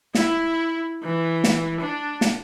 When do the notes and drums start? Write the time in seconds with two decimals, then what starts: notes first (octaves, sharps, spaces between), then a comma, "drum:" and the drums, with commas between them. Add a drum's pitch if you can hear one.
0.15 E4, drum: snare
1.03 E3
1.44 drum: snare
1.80 D4
2.21 drum: snare